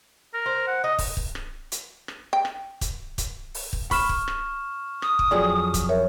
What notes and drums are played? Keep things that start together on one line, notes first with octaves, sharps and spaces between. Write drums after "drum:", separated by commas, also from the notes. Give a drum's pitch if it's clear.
A#4
C5
F#5
D#4 D#5
drum: kick, open hi-hat
drum: kick
drum: rim click
drum: hi-hat
drum: rim click
G5
drum: rim click
drum: kick, hi-hat
drum: kick, hi-hat
drum: open hi-hat
drum: kick
B5 C#6 F6 E7, drum: kick, open hi-hat
drum: kick
drum: rim click
D#6, drum: rim click
drum: kick
F2 F#3 G#4 D5
drum: kick, hi-hat
A#4 C#5 E5